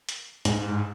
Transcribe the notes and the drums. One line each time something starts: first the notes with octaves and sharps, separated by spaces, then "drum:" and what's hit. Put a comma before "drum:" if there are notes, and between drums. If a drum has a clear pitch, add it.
drum: hi-hat
G#2, drum: hi-hat